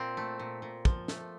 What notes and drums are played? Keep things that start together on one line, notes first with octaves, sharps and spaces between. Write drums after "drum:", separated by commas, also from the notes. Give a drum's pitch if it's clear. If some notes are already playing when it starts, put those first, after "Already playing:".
Already playing: A#2 C4
A3
A#2
A#2
F3, drum: kick
A3, drum: snare